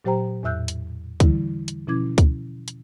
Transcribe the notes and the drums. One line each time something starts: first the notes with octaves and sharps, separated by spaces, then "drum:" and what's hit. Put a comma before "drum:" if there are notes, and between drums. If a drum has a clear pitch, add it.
A#2 F#3 G4 C5 G5 A#5
E2 A2 E5 E6 F#6 G6
drum: hi-hat
D3 E3 G3 E4, drum: kick C#2, hi-hat
drum: hi-hat
B2 F3 C#4 E4 D6 G#6
drum: kick C#2, hi-hat
drum: hi-hat